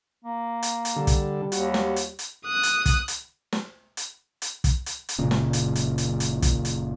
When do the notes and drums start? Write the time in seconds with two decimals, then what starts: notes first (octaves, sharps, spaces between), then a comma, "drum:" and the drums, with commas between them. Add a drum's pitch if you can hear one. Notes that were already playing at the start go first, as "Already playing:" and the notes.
0.24 A#3
0.63 drum: hi-hat
0.85 drum: hi-hat
0.96 D3 G3
1.07 drum: kick, hi-hat
1.52 D#2 F#4, drum: hi-hat
1.74 drum: snare
1.96 drum: hi-hat
2.19 drum: hi-hat
2.46 D#6 F#6
2.63 drum: hi-hat
2.86 drum: kick, hi-hat
3.08 drum: hi-hat
3.52 drum: snare
3.97 drum: hi-hat
4.42 drum: hi-hat
4.64 drum: kick, hi-hat
4.86 drum: hi-hat
5.09 drum: hi-hat
5.19 F#1 A#2 C#3
5.31 drum: snare
5.53 drum: hi-hat
5.76 drum: hi-hat
5.98 drum: hi-hat
6.20 drum: hi-hat
6.42 drum: kick, hi-hat
6.65 drum: hi-hat